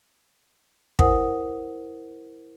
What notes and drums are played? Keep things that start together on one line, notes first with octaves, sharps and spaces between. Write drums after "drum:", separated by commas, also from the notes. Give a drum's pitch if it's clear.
E4 A#4 C5 F#5 G#5 D#6, drum: kick